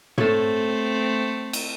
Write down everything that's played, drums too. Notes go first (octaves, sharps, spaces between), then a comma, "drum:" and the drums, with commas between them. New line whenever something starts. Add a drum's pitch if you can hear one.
A3 C4 A4 C#5, drum: tom
drum: cymbal